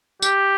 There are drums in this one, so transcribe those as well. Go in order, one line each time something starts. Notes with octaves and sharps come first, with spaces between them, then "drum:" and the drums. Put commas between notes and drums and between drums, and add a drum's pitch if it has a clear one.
G4, drum: tambourine